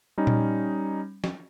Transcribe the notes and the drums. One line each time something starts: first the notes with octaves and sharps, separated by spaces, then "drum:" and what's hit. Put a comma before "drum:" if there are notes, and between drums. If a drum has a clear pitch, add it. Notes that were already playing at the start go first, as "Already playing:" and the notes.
G3 C#4 D#4
drum: tom A#2
drum: snare